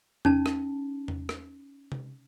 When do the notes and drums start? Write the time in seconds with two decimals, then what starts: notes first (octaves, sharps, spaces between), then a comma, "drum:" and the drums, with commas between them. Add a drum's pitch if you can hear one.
0.25 C#4 D#4 A5, drum: tom E2
0.46 drum: rim click
1.08 drum: tom E2
1.29 drum: rim click
1.92 drum: tom C3